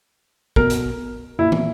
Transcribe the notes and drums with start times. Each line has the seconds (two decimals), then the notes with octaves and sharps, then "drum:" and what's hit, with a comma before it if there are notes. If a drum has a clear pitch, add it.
0.56 B2 A#4, drum: kick
0.70 drum: hi-hat
1.39 A#2 E4
1.52 drum: tom